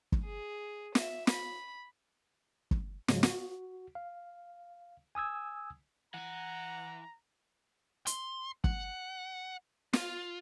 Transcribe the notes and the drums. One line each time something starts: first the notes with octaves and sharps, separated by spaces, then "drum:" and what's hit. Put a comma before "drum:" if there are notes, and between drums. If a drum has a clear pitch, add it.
drum: kick
G#4
E5, drum: snare
B5, drum: snare
drum: kick
G#2 C#3 F3 F#3 G#3, drum: snare
F#4, drum: snare
F5
G#5 D#6 E6 G#6
E3 F#5 G#5 A#5
C6, drum: hi-hat
F#5, drum: kick
F4, drum: snare